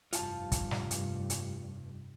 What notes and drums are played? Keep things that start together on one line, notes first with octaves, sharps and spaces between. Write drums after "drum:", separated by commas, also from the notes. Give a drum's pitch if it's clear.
F1 G2 F4 A5, drum: hi-hat
drum: kick, hi-hat
drum: snare
drum: hi-hat
drum: hi-hat